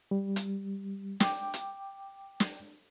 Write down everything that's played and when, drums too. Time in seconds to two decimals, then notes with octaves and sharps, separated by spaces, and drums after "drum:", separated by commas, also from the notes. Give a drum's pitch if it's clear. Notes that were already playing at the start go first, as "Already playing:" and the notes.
0.11 G3
0.36 drum: hi-hat
1.20 G5 D6, drum: snare
1.54 drum: hi-hat
2.40 drum: snare